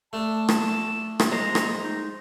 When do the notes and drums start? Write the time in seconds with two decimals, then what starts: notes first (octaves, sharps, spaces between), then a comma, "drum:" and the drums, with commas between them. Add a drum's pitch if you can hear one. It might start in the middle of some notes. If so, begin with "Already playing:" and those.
0.13 A3 D4 A5
0.49 drum: rim click
1.20 drum: rim click
1.32 G#3 C5 A#5
1.55 drum: rim click
1.83 D#4